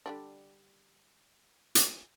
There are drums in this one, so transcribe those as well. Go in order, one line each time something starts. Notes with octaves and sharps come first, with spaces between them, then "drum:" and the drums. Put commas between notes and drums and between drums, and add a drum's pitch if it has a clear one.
D3 G3 D4
drum: hi-hat